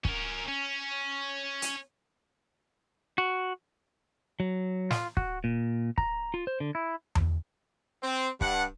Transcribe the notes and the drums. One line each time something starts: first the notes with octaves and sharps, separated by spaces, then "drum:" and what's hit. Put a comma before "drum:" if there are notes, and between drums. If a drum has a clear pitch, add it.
C#4 A#4, drum: kick
C#4
drum: hi-hat
F#4
F#3
F4, drum: snare
F#4, drum: kick
A#2
A#5, drum: kick
F4
C5
D3
E4
drum: tom E2
C4
G2 F#5, drum: kick